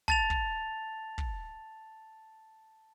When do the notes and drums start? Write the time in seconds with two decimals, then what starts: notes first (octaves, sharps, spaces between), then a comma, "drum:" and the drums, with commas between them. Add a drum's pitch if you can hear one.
0.08 A5 A6 F7, drum: kick
0.30 drum: kick
1.18 drum: kick